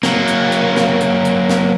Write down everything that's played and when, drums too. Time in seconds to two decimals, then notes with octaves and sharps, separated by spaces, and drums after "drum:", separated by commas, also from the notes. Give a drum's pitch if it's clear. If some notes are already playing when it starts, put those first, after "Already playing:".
0.03 F#3 A#3, drum: snare
0.28 drum: hi-hat
0.52 drum: hi-hat
0.76 drum: snare
1.01 drum: hi-hat
1.25 drum: hi-hat
1.50 drum: snare